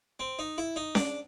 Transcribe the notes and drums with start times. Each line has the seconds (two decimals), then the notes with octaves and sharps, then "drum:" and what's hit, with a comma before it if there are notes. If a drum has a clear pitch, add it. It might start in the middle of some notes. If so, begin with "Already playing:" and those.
0.20 C4
0.39 D#4
0.58 E4
0.76 D#4
0.95 D4, drum: snare C#4